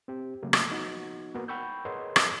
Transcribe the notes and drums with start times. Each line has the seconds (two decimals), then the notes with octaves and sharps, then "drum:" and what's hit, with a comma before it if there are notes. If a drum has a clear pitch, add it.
0.08 C4 G4
0.43 C#3 F#3 A3 A#3
0.53 drum: rim click
0.69 F3 B3 D#4 F#4
1.34 A#3 B3 F#4 A#4
1.48 F#5 G5 B5 C#6 E6 G6
1.85 G#4 A#4 B4 C#5 D#5 C6
2.16 drum: rim click